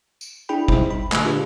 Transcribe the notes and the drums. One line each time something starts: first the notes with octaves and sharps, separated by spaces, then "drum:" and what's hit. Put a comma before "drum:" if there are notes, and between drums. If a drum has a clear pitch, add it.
drum: tambourine
D4 E4 G#4 G5 B5
G3 D#4 E4 C5, drum: kick
B5
A#2 D3 G#3 A3, drum: clap
D4 F4 G4 G#4 B4